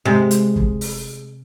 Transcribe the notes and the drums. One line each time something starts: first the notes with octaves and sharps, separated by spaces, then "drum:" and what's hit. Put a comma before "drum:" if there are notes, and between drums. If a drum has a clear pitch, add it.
C3 G#3
drum: hi-hat
drum: kick
drum: open hi-hat